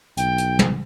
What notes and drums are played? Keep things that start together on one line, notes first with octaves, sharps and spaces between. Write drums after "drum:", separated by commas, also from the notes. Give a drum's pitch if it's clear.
B1 G5, drum: hi-hat
drum: hi-hat
drum: tom